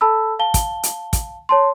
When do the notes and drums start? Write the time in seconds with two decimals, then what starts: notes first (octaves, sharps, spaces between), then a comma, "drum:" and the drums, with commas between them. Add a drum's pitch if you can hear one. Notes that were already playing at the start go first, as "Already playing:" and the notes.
0.01 A4 A5 B5 E6
0.39 F5 A5 G7
0.54 drum: kick, hi-hat
0.83 drum: hi-hat
1.13 drum: kick, hi-hat
1.49 C#5 A5 C6